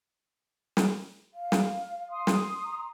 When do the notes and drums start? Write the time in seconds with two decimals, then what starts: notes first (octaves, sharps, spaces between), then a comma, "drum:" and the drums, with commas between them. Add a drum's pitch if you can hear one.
0.77 drum: snare
1.34 F5
1.52 drum: snare
2.10 C6 D#6
2.27 drum: snare
2.65 A#5